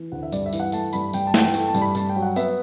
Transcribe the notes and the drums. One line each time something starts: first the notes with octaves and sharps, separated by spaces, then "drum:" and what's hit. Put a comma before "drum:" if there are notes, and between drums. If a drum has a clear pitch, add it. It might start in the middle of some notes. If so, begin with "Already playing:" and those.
Already playing: E3
D2 F#5
E5
G2 D5, drum: tambourine
E5
E3, drum: tambourine
F#5
A3 A5, drum: tambourine
G2 B5, drum: tambourine
G2 G5, drum: tambourine
A5
E3 F#5, drum: snare
G5
A3 G5, drum: tambourine
A5
G2, drum: tambourine
B5
G2 A5, drum: tambourine
G5
F#3
F#5
B3 E5, drum: tambourine